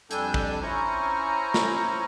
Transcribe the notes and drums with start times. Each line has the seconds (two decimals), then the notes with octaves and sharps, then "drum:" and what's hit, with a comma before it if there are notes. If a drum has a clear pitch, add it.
0.11 F2 G3 D4 A4 G#5 G6, drum: hi-hat
0.34 drum: kick
0.62 C#4 E4 C5 G#5 A#5 C#6
1.54 drum: snare